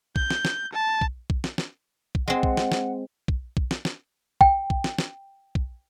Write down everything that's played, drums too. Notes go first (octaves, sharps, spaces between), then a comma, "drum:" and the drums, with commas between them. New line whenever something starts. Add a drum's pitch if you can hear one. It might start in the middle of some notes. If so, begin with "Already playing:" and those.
G6, drum: kick
drum: snare
drum: snare
A5
drum: kick
drum: kick
drum: snare
drum: snare
drum: kick
G#3 C4 F#5
drum: kick
drum: snare
drum: snare
drum: kick
drum: kick
drum: snare
drum: snare
G5, drum: kick
drum: kick
drum: snare
drum: snare
drum: kick